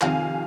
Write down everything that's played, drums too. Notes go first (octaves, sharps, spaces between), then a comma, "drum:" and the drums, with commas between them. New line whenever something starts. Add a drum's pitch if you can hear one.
F2 C3 D#3 F5 G#5, drum: clap